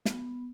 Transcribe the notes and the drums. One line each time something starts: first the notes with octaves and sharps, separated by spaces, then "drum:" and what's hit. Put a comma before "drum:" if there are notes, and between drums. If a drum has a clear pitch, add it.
B3, drum: snare